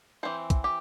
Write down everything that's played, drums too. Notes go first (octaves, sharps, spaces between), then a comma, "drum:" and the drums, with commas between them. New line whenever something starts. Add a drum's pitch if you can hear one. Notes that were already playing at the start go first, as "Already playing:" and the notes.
E3 A3 C4 C5
drum: kick, hi-hat
G4